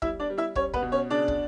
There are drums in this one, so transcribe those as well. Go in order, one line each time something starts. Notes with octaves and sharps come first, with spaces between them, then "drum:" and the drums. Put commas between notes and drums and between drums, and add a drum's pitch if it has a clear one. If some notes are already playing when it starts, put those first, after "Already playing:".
G3 E4 E5, drum: kick
D4 D5
G3
E4 E5
G3 C#4 C#5, drum: kick
B3 B4, drum: kick
B2
C#4 C#5
C#3 D4 D5
drum: kick